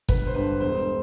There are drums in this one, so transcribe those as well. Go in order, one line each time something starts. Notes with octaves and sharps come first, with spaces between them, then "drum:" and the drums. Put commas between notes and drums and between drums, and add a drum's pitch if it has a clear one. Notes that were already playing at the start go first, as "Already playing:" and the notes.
G1 B4, drum: kick
C5
G2 D3 B4
E1 C5